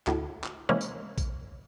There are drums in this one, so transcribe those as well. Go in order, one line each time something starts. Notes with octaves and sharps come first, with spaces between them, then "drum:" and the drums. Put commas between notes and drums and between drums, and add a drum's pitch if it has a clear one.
D2 A2, drum: clap
drum: clap
C3 E3 F3 G#3 A#3 C#4
drum: tambourine
drum: kick A#1, tambourine